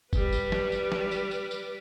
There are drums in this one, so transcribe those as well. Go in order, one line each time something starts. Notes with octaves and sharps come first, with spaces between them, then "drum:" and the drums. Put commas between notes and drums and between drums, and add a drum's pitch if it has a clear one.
G3 B4, drum: kick, tambourine
drum: tambourine
drum: snare
drum: tambourine
drum: snare
drum: tambourine
drum: tambourine
drum: tambourine